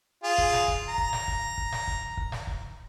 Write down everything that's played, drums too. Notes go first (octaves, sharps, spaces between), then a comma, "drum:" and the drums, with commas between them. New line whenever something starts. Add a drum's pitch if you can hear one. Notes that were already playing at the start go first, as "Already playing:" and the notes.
F4 G#4
drum: kick
drum: snare
drum: kick
A#5
drum: kick
drum: snare
drum: kick
drum: kick
drum: snare
drum: kick
drum: kick
drum: snare
drum: kick